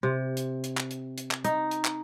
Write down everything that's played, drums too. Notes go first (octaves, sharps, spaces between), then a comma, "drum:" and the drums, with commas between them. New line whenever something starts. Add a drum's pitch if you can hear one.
C3
drum: hi-hat
drum: hi-hat
drum: clap
drum: hi-hat
drum: hi-hat
drum: clap
D#4, drum: hi-hat
drum: hi-hat
drum: clap